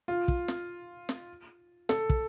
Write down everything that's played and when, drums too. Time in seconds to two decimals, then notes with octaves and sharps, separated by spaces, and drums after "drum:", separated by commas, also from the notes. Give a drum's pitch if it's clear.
0.08 F4
0.28 drum: kick
0.48 drum: snare
1.09 drum: snare
1.89 A4, drum: snare
2.10 drum: kick